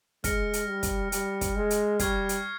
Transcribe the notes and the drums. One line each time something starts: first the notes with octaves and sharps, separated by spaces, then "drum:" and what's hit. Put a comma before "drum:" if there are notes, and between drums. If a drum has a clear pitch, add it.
G#3 F6 A#6 C#7, drum: kick, hi-hat
drum: hi-hat
G3
drum: kick, hi-hat
G3, drum: hi-hat
drum: kick, hi-hat
G#3
drum: hi-hat
G3 C#6 F6 G#6 C7, drum: kick, hi-hat
drum: hi-hat